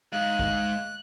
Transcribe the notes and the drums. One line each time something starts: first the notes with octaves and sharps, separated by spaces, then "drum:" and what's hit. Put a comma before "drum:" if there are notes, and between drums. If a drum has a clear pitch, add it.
G#2 F5 F#6
drum: kick